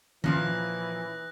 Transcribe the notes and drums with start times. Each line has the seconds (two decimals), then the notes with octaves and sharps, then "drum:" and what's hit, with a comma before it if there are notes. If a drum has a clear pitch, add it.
0.24 A#2 E3 F3 C#4 D#6 F#6 A#6, drum: tom D#3